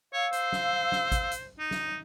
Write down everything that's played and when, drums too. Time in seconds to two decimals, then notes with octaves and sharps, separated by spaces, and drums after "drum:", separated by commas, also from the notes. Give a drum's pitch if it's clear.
0.13 C#5 F5 E6
0.33 C5, drum: hi-hat
0.52 drum: snare
0.92 drum: snare
1.12 drum: kick G#1, hi-hat
1.31 drum: hi-hat
1.59 D#4
1.71 drum: snare